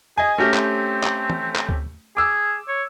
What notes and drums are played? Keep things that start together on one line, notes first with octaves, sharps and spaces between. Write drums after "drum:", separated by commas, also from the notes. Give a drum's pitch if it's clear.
G#4 D#5 G#5
A3 C#4 G4 A#4
C4, drum: clap
drum: clap
drum: tom
drum: clap
drum: kick D2
G#4 D6 E6
C#5